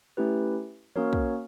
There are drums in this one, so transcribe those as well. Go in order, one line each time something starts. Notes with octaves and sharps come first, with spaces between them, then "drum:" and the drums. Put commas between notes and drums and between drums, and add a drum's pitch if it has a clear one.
A3 C#4 E4 G4 B4
A#3 C#4 F#4 A#4 C#5, drum: tom E3
drum: kick